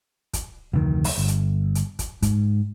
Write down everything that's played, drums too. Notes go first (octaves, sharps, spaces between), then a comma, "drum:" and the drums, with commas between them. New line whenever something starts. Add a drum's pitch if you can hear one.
drum: kick, hi-hat
F1 D2 B2 D#3
drum: open hi-hat
G1
drum: hi-hat
drum: hi-hat
drum: kick, hi-hat
G#2, drum: kick, hi-hat